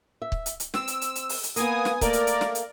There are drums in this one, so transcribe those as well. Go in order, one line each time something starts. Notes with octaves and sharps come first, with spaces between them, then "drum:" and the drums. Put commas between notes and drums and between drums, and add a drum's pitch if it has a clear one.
E5
drum: kick
drum: hi-hat
drum: hi-hat
C4 E6, drum: snare
drum: hi-hat
drum: hi-hat
drum: hi-hat
drum: open hi-hat
drum: hi-hat
A#3 B3 G#5 D#6, drum: hi-hat
drum: snare
A3 A#3 A#4 D5, drum: kick, hi-hat
drum: hi-hat
drum: hi-hat
drum: snare
drum: hi-hat